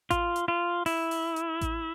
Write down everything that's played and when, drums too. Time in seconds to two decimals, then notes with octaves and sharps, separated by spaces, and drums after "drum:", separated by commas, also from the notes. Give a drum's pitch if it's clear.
0.11 F4, drum: kick A1, hi-hat
0.36 drum: hi-hat
0.48 F4
0.86 E4, drum: open hi-hat
1.11 drum: open hi-hat
1.36 drum: hi-hat
1.61 drum: kick A1, hi-hat